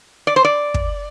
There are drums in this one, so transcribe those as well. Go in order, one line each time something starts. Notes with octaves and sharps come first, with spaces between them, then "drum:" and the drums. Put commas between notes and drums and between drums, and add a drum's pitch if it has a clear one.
D5
C5
D5
drum: kick